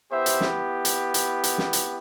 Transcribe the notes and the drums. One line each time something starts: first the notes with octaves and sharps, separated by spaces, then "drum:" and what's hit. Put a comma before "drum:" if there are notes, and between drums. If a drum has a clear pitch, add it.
B3 E4 G4 C5 E5
drum: hi-hat
drum: snare
drum: hi-hat
drum: hi-hat
drum: hi-hat
drum: snare
drum: hi-hat